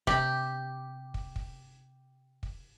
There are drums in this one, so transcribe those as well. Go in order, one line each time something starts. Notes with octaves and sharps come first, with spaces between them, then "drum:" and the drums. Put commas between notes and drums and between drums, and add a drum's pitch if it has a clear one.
C3 G4, drum: kick
drum: kick
drum: kick
drum: kick